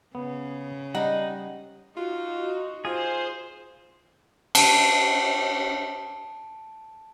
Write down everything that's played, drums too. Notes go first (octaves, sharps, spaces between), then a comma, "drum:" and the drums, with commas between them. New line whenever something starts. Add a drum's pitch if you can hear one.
C#3 B3
G3 D#4 F#5
D#4 F4 F#4
F4 G#4 C5
A5 D7 D#7, drum: cymbal